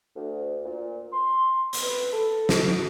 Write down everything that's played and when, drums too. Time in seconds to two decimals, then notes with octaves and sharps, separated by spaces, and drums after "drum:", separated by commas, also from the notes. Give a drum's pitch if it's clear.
0.16 D2
0.65 A#2
1.13 C6
1.73 drum: hi-hat
1.82 B4
2.13 A4
2.49 drum: snare